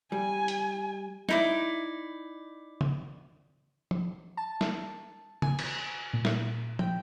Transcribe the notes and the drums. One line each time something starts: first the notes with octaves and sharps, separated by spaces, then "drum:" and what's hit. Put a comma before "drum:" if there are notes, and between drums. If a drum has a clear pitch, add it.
G3 G#5
drum: hi-hat
D#4 E4 D5, drum: snare
drum: tom
drum: tom
A5
drum: snare
G#5, drum: tom
drum: cymbal
A#2
drum: snare
G5, drum: tom